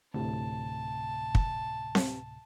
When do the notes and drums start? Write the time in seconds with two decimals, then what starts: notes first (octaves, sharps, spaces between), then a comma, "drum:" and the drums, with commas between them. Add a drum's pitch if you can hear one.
0.14 D2 A2 C3 A5
1.35 drum: kick
1.95 drum: snare C4